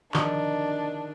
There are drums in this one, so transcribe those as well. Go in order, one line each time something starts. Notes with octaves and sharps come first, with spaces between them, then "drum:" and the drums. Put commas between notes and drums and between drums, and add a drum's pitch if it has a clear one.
D#3 D4, drum: clap